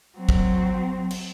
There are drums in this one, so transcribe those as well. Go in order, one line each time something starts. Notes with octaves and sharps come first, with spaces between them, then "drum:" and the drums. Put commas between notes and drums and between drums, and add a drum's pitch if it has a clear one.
F#3 C4
drum: kick
drum: cymbal